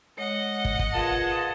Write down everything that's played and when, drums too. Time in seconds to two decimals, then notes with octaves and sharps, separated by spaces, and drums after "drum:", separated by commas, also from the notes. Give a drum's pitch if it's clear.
0.18 G#3 C#5 D#5 F#5
0.65 drum: kick
0.79 drum: kick
0.94 F4 G#4 A#4 B4 A5